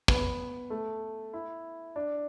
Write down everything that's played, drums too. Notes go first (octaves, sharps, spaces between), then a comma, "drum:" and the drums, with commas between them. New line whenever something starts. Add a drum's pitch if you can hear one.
B3, drum: kick
A3
E4
D4